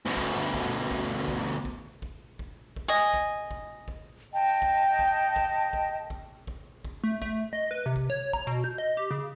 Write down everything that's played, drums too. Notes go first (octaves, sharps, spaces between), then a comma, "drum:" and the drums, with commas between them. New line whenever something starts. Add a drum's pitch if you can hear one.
D2 B2
drum: kick
drum: kick
drum: kick
drum: kick
drum: kick
drum: kick
drum: kick
drum: kick
D#5 G#5
drum: kick
drum: kick
drum: kick
D#5 G5 A5
drum: kick
drum: kick
drum: kick
drum: kick
drum: kick
drum: kick
drum: kick
A3
A3, drum: kick
D#5
B4
C3
drum: kick
C#5
A#5, drum: kick
B2
G6
D#5
G4
C#3